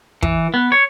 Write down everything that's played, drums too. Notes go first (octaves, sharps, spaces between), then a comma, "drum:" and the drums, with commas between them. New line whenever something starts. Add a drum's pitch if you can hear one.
E3, drum: kick
B3
C#5